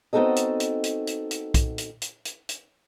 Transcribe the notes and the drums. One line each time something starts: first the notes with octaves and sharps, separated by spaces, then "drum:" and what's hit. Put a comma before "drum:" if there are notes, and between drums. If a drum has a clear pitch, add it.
B3 C4 D#4 F#4 A4 D#5
drum: hi-hat
drum: hi-hat
drum: hi-hat
drum: hi-hat
drum: hi-hat
drum: kick B1, hi-hat
drum: hi-hat
drum: hi-hat
drum: hi-hat
drum: hi-hat